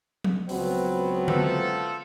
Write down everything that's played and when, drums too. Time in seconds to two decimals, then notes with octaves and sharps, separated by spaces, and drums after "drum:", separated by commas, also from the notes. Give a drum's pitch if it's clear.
0.24 drum: tom F3
0.49 C#2 B2 F#3 B3 C4, drum: open hi-hat
1.28 F3 A3 A4, drum: tom D3